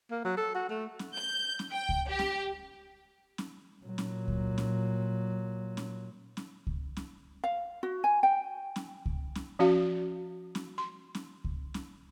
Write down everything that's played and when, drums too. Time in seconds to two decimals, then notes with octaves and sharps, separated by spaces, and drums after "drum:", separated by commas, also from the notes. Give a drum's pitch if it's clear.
0.11 A#3
0.25 F#3
0.37 A4
0.55 F#4
0.69 A3
0.99 drum: snare C#4
1.14 G6
1.59 drum: snare C#4
1.72 G5
1.89 drum: kick C#2
2.09 G4
2.19 drum: snare C#4
3.38 drum: snare C#4
3.83 A#2 F#3
3.98 drum: snare C#4
4.28 drum: kick C#2
4.58 drum: snare C#4
5.77 drum: snare C#4
6.37 drum: snare C#4
6.67 drum: kick C#2
6.97 drum: snare C#4
7.44 F5
7.83 F#4
8.04 G#5
8.23 G5
8.76 drum: snare C#4
9.06 drum: kick C#2
9.35 drum: snare C#4
9.59 F3 C#4 F#4 F5
10.55 drum: snare C#4
10.78 C6
11.15 drum: snare C#4
11.44 drum: kick C#2
11.74 drum: snare C#4